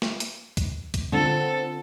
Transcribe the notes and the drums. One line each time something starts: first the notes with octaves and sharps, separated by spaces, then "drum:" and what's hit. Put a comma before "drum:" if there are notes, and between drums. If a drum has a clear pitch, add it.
drum: snare
drum: hi-hat
drum: kick, hi-hat
drum: kick, hi-hat
D3 C4 F4 A4